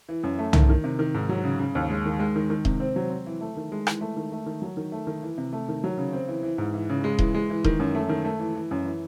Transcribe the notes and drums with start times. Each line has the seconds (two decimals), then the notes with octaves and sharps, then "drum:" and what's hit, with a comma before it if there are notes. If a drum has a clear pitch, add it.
0.09 E3
0.23 F#2
0.39 A3
0.53 D#3, drum: tom
0.69 D#3
0.84 C3
0.99 D#3
1.14 G#2
1.29 F#3
1.44 C#3
1.59 C#3
1.75 D#2
1.90 G#3
2.05 D#3
2.20 G#3
2.36 D#3
2.50 D#3
2.65 C3, drum: kick D#1
2.80 C4
2.96 F#3
3.10 C4
3.26 E3
3.41 A3
3.57 D#3
3.72 G#3
3.87 E3, drum: rim click
4.01 A3
4.17 D#3
4.32 A3
4.46 D#3
4.62 F#3
4.77 D#3
4.92 A3
5.07 D#3
5.23 E3
5.38 C3
5.53 A3
5.68 D#3
5.84 F#3
5.98 C#3
6.13 C4
6.28 E3
6.43 E3
6.58 G#2
6.74 E3
6.89 C#3
7.04 G#3
7.19 E3, drum: kick D#1
7.34 G#3
7.50 E3
7.64 D#3, drum: kick D#1
7.79 F#2
7.95 A3
8.09 D#3
8.25 A3
8.40 E3
8.55 E3
8.71 F#2
8.85 E3